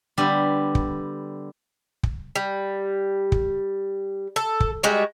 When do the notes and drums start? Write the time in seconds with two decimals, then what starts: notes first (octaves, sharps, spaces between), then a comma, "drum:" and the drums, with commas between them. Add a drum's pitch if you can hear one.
0.18 D3 G3 B3 G4
0.75 drum: kick
2.03 drum: kick
2.36 G3
3.32 drum: kick
4.36 A4
4.60 drum: kick
4.83 G3 G#3 F#4